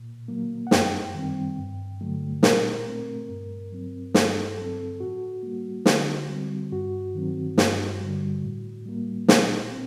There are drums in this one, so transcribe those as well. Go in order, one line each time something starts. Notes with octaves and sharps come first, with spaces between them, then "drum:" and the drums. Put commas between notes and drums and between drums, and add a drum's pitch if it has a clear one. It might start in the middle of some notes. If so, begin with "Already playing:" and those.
Already playing: A#2
F#3 A#3
F#5
F#2 G5, drum: snare
D#3 G3 C4
G2
D3 F#3 A3
A#2 A#4, drum: snare
A3 C4
G2
F#3 C4
G2 A4, drum: snare
F#3 C4 A4
A2 F#4
G3 A#3
D3, drum: snare
G3 C4
G2 F#4
D#3 F#3 C4
G2, drum: snare
D3 G3
A2
G3 A#3
A#2, drum: snare
C4